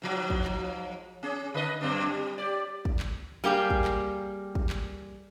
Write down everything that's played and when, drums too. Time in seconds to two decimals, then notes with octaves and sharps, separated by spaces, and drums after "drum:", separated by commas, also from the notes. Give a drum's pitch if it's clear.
0.02 G#2 F3 F#3
0.30 drum: kick
0.44 drum: clap
1.23 C#4 G#4
1.54 D3 B4 D#5
1.81 F#2 C4 D4
2.06 G3
2.38 G4 D5
2.85 drum: kick
2.99 drum: clap
3.44 G3 A#3 G4 G#4
3.70 drum: kick
3.84 drum: clap
4.55 drum: kick
4.70 drum: clap